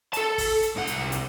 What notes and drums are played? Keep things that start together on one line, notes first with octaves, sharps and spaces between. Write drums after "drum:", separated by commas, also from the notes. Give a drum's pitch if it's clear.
A4 A5, drum: hi-hat
drum: kick, open hi-hat
drum: hi-hat
C2 F#5
drum: hi-hat
drum: hi-hat